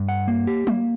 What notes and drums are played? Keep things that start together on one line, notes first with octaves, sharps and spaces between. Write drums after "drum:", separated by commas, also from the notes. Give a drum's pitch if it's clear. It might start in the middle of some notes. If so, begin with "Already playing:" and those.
Already playing: G2
F#5
A#3
G4
A#3, drum: tom F#3